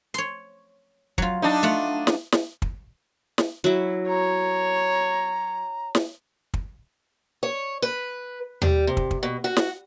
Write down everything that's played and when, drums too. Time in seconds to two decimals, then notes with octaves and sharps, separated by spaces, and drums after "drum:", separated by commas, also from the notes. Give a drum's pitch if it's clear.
0.14 C#5 C6, drum: hi-hat
1.18 F#3 F4, drum: kick
1.42 D4 D#4
1.63 A3 F4 F#5
2.07 drum: snare
2.32 drum: snare
2.62 drum: kick
3.38 drum: snare
3.64 F#3 E4
4.09 C#5 A#5
5.95 drum: snare
6.54 drum: kick
7.43 C#5
7.82 B4
8.62 G3, drum: tom D#2
8.87 C3
8.97 drum: kick
9.11 drum: kick
9.23 B2
9.44 F#4
9.57 drum: snare